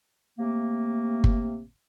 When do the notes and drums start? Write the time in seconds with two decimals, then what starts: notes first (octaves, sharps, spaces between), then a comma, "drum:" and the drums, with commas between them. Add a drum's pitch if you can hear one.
0.39 C3 A3 A#3
1.24 drum: kick G1